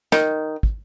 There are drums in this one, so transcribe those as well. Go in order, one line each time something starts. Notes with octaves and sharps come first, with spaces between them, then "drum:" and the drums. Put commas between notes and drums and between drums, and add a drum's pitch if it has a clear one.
D#3, drum: snare
drum: kick